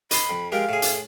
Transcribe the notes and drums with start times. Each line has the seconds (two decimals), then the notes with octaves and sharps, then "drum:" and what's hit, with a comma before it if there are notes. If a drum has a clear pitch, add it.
0.11 D#5 B5 C6, drum: hi-hat
0.30 F2
0.52 G#3 G4 A#4 F5
0.69 A2 G#4
0.82 drum: hi-hat